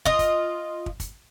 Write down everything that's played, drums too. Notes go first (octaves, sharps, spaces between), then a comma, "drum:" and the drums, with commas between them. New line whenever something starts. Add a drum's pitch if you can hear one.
F4 D#5, drum: kick
drum: kick, hi-hat
drum: kick
drum: kick, hi-hat